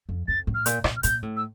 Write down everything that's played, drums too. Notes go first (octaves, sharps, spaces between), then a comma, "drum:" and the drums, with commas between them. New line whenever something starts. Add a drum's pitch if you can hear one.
F2
F2 A6
A2
F6
A#2 G6, drum: hi-hat
A#2, drum: rim click
F6
A#2 G6, drum: hi-hat
A2
E6